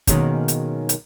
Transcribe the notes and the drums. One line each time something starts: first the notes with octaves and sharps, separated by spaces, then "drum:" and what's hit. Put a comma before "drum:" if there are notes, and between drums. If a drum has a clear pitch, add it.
B2 D#3 F#3 G#3 A#3 C#4, drum: kick, hi-hat
drum: hi-hat
drum: hi-hat